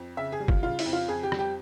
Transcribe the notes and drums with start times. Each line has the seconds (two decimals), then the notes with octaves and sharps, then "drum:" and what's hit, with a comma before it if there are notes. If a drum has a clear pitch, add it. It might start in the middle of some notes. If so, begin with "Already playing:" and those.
Already playing: F2
0.17 C#3 E5
0.32 G#4
0.40 G3
0.48 F4, drum: kick
0.63 C#3 F4
0.79 E4, drum: open hi-hat
0.86 F2
0.93 F4
1.09 F2 G#4
1.23 G4
1.32 G3, drum: rim click
1.39 G4